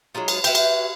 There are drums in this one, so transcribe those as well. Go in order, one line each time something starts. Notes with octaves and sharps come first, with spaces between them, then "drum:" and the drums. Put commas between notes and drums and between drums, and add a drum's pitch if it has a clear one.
F#3 G#3 D#4 F4
drum: cymbal
F#4 B4 E5 G5, drum: cymbal
drum: cymbal